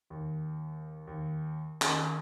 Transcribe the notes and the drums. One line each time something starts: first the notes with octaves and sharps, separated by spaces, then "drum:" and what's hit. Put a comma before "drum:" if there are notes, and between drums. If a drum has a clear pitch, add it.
D#2
D#2
D#3, drum: clap